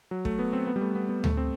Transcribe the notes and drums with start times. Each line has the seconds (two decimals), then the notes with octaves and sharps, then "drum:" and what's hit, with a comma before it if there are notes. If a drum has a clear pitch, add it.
0.11 F#3
0.25 A3, drum: kick
0.39 B3
0.53 C4
0.67 B3
0.76 G3
0.81 A3
0.95 B3
1.09 B3
1.24 A3, drum: tom D2
1.37 C4